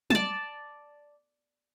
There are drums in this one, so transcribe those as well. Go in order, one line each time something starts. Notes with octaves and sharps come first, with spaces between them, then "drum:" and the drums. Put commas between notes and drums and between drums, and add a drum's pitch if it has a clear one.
D5 A5, drum: tom